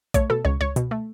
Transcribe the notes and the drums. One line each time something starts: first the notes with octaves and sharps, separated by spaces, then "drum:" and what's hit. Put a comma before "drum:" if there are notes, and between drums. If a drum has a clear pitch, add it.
A3 C#5, drum: kick A#1, hi-hat
B2 A4
C#2 C#5
C#2 C#5
B2, drum: hi-hat
A3